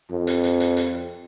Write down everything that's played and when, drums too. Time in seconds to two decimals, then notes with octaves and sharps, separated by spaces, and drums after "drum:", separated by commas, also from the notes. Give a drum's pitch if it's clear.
0.11 F2
0.27 drum: hi-hat
0.44 drum: hi-hat
0.60 drum: hi-hat
0.77 drum: hi-hat